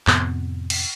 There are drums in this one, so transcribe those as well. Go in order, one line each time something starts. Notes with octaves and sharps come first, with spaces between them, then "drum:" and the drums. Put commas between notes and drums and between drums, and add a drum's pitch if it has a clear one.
F2 A2 C3 B3, drum: clap
drum: cymbal